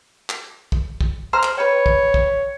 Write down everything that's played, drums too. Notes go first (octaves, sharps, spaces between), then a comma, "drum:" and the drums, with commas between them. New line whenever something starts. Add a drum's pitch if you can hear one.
drum: clap
drum: kick
drum: kick
C5 A#5 F6
drum: clap
B4 C#5 G5
drum: kick
drum: kick